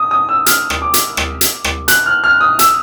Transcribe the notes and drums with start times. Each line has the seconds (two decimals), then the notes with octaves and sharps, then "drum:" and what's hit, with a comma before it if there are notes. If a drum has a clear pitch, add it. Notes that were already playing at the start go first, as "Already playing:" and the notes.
Already playing: D#6
0.11 D#6
0.29 E6
0.46 F6, drum: hi-hat
0.70 drum: rim click
0.82 D6
0.94 drum: hi-hat
1.17 drum: rim click
1.41 drum: hi-hat
1.64 drum: rim click
1.88 F#6, drum: hi-hat
2.06 F6
2.24 F6
2.41 D#6
2.59 E6, drum: hi-hat